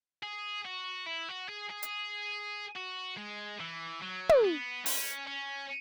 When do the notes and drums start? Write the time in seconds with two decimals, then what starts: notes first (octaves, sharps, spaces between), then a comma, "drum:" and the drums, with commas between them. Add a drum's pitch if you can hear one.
0.23 G#4
0.65 F#4
1.06 E4
1.28 F#4
1.49 G#4
1.70 G#4
1.83 drum: hi-hat
2.76 F#4
3.17 G#3
3.60 E3
4.02 F#3
4.29 drum: tom
4.44 B3
4.86 C#4, drum: open hi-hat
5.27 C#4